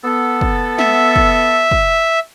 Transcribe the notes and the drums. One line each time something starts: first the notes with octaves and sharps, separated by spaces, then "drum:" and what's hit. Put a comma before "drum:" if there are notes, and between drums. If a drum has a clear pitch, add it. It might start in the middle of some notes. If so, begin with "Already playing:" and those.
B3 A4
drum: kick
E5, drum: snare
drum: kick
drum: kick